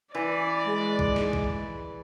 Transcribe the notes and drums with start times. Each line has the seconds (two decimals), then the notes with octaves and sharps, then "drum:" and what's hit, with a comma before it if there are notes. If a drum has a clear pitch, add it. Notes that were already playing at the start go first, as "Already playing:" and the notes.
0.15 E3 D5
0.65 G#3
0.99 drum: kick A#1
1.16 drum: snare
1.33 drum: kick A#1